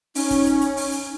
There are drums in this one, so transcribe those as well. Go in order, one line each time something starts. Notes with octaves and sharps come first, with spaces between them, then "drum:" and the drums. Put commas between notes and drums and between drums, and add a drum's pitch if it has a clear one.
C#4 D#4, drum: open hi-hat
drum: kick, hi-hat
drum: hi-hat
drum: hi-hat
drum: open hi-hat
drum: hi-hat